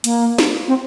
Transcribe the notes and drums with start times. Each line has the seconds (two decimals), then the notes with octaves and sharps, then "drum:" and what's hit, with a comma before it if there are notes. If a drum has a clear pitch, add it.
0.04 A#3, drum: hi-hat
0.38 drum: snare
0.68 C4